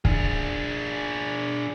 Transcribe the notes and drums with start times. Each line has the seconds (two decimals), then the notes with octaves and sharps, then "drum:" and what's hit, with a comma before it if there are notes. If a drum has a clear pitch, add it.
0.05 D4 G#4, drum: kick